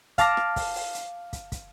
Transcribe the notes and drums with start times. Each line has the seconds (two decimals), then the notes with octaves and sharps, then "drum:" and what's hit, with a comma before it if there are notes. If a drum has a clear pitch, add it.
0.18 F5 A5 D6 F6 A#6, drum: kick, hi-hat
0.37 drum: rim click
0.56 drum: kick, open hi-hat
0.75 drum: open hi-hat
0.94 drum: hi-hat
1.33 drum: kick, hi-hat
1.52 drum: kick, hi-hat